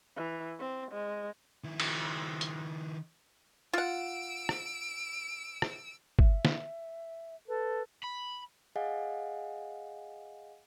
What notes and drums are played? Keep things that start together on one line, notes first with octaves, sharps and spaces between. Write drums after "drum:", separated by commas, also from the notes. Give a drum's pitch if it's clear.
E3
C4
G#3
D#3 E4
drum: cymbal
drum: hi-hat
F4 F#5 E6 D7
drum: rim click
drum: rim click
E5, drum: kick
drum: snare
A4 B4
B5
G#4 D#5 F5 F#5 G#5